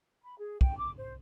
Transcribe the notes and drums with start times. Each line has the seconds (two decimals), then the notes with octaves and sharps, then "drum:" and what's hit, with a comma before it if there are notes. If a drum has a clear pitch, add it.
0.22 B5
0.38 G#4
0.61 G5, drum: kick
0.77 D6
0.96 C5